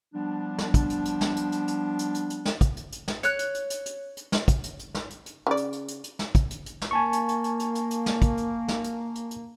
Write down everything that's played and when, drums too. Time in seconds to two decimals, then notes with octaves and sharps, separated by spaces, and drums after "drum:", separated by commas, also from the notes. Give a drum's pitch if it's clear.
0.14 F3 G3 B3 D4
0.59 drum: snare
0.74 drum: kick, hi-hat
0.90 drum: hi-hat
1.05 drum: hi-hat
1.21 drum: snare
1.36 drum: hi-hat
1.52 drum: hi-hat
1.68 drum: hi-hat
1.99 drum: hi-hat
2.14 drum: hi-hat
2.30 drum: hi-hat
2.45 drum: snare
2.61 drum: kick, hi-hat
2.77 drum: hi-hat
2.92 drum: hi-hat
3.08 drum: snare
3.23 C#5 F#6, drum: hi-hat
3.39 drum: hi-hat
3.54 drum: hi-hat
3.70 drum: hi-hat
3.86 drum: hi-hat
4.17 drum: hi-hat
4.32 drum: snare
4.48 drum: kick, hi-hat
4.63 drum: hi-hat
4.79 drum: hi-hat
4.95 drum: snare
5.10 drum: hi-hat
5.26 drum: hi-hat
5.47 C#3 D5
5.57 drum: hi-hat
5.72 drum: hi-hat
5.88 drum: hi-hat
6.04 drum: hi-hat
6.19 drum: snare
6.35 drum: kick, hi-hat
6.50 drum: hi-hat
6.66 drum: hi-hat
6.82 drum: snare
6.91 A#3 G#5 A5 C#6
7.13 drum: hi-hat
7.28 drum: hi-hat
7.44 drum: hi-hat
7.59 drum: hi-hat
7.75 drum: hi-hat
7.91 drum: hi-hat
8.06 drum: snare
8.22 drum: kick, hi-hat
8.37 drum: hi-hat
8.68 drum: snare
8.84 drum: hi-hat
9.15 drum: hi-hat
9.31 drum: hi-hat